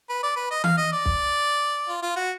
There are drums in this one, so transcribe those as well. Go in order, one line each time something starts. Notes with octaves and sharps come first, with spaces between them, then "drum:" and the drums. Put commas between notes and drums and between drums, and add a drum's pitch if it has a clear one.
B4
D5
B4
D#5
F5, drum: tom E3
D#5
D5
drum: kick
F4
F4
F#4